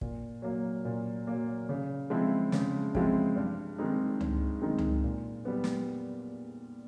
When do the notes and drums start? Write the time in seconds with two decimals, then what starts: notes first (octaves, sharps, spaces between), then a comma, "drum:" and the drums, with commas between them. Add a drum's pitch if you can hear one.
0.01 A#2, drum: kick
0.42 F#3 A#3
0.85 A#2
1.27 F#3 A#3
1.69 C#3
2.10 F3 G#3 C4 E4
2.52 C#3, drum: snare
2.95 F3 G#3 C4 E4, drum: kick
3.36 G2
3.78 D#3 G#3 C4 D#4
4.21 G2, drum: tom C#2
4.62 D#3 G#3 C4 D#4
4.78 drum: tom C#2
5.04 A#2
5.45 G3 B3
5.64 drum: snare